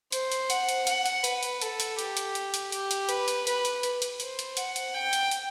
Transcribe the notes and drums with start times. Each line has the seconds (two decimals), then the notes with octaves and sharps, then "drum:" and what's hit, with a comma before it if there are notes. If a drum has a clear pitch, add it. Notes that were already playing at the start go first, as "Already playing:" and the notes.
0.12 C5, drum: hi-hat
0.32 drum: hi-hat
0.50 F#5, drum: hi-hat
0.69 drum: hi-hat
0.87 F#5, drum: hi-hat
1.06 drum: hi-hat
1.24 B4, drum: hi-hat
1.43 drum: hi-hat
1.61 A4, drum: hi-hat
1.80 drum: hi-hat
1.99 G4, drum: hi-hat
2.17 drum: hi-hat
2.35 drum: hi-hat
2.54 drum: hi-hat
2.72 G4, drum: hi-hat
2.91 drum: hi-hat
3.09 B4, drum: hi-hat
3.28 drum: hi-hat
3.47 B4, drum: hi-hat
3.65 drum: hi-hat
3.83 drum: hi-hat
4.02 drum: hi-hat
4.20 C5, drum: hi-hat
4.39 drum: hi-hat
4.57 F#5, drum: hi-hat
4.76 drum: hi-hat
4.94 G5
5.13 drum: hi-hat
5.31 drum: hi-hat